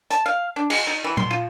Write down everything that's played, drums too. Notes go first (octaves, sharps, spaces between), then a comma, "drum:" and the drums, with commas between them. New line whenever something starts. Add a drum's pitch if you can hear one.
A5, drum: hi-hat
F5
D4
G#3, drum: cymbal
D#4
E3
C6, drum: tom A#2
F4